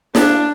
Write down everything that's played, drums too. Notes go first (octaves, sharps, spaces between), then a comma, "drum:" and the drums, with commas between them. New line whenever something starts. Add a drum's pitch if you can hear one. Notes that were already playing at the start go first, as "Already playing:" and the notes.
D4, drum: snare